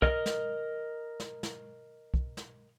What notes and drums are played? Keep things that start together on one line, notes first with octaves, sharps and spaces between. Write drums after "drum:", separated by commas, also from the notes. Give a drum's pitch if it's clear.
A#4 D#5 F6, drum: kick
drum: snare
drum: snare
drum: snare
drum: kick
drum: snare